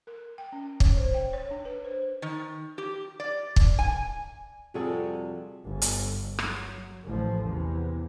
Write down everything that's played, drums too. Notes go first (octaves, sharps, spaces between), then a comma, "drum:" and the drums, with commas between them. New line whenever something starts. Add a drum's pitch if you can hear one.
A#4
G5
C#4
C#5, drum: kick
C5
G5
C#5
D4
B4
C5
D#3
G4
D5
drum: kick
G#5
F2 C3 G3 F#4 G#4 A4
G1 D3
drum: hi-hat
F#3, drum: rim click
A1 F3
E2 C3